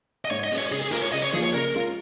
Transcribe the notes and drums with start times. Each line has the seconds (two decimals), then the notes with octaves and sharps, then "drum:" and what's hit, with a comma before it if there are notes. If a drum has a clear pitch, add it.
0.25 D#5
0.31 G#2 C#5
0.44 D#5
0.51 G#3 C#4, drum: open hi-hat
0.58 C#5
0.71 C#3 G#4
0.82 G#4
0.91 G#3 F4 A#4, drum: open hi-hat
1.02 C#5
1.12 C#3 D#5
1.23 C#5
1.33 F3 A#3 F4 G#4, drum: snare
1.43 C#5
1.54 C#3 A#4
1.74 G#3 C#4 F4, drum: hi-hat